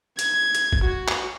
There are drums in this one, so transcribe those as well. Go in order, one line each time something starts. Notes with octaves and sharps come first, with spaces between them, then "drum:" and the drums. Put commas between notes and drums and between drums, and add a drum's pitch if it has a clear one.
G#6, drum: hi-hat
drum: hi-hat
drum: kick
F#4
drum: clap